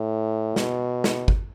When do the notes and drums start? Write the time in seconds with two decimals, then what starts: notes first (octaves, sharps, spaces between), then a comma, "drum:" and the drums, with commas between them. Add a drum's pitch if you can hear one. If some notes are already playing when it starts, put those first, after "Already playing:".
Already playing: A2
0.56 B2, drum: snare
1.04 drum: snare
1.28 drum: kick